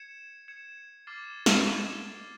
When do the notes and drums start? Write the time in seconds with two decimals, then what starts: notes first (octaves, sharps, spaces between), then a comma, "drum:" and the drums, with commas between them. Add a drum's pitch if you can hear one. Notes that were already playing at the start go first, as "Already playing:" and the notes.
Already playing: G#6 C#7 E7
0.48 G#6 C#7 E7
1.07 D6 F6 A6 C7 E7
1.46 drum: snare
1.66 D6 F6 A6 C7 E7